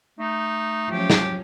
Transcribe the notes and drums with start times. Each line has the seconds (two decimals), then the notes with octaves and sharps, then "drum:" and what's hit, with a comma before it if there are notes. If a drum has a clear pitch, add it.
0.19 A3 D#4
0.91 F3 F#3 C#4 G4
1.10 drum: snare